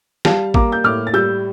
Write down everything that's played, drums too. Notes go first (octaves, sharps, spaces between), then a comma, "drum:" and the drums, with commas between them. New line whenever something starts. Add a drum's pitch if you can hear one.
G3 F5 A5, drum: snare
A#3 A#5 D6, drum: kick
G6
A2 D6 F6
A6
G3 E6 G6